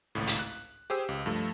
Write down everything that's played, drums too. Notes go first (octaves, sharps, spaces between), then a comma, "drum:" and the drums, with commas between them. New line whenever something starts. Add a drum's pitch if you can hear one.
G#1 C#2 A2
drum: hi-hat
F#6
G4 G#4 C5 E6
C#2
G2 F3 A3